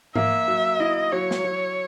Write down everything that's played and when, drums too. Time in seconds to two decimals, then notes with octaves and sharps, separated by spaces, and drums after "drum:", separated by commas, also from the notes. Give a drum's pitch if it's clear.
0.15 A#3 E5, drum: tom G#2
0.48 F#3
0.80 E4 D#5
1.12 F#3 C#5
1.31 drum: snare
1.45 F#3